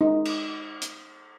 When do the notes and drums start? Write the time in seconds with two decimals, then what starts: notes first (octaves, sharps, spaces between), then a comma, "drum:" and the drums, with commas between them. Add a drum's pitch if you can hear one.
0.01 D#4
0.25 drum: cymbal
0.82 drum: hi-hat